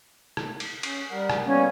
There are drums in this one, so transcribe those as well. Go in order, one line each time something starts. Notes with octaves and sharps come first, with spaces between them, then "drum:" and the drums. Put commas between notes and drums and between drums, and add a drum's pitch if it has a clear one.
drum: rim click
drum: cymbal
C#4, drum: cymbal
G3 A#4 F#5
drum: rim click
G3 A#3 B3 C#4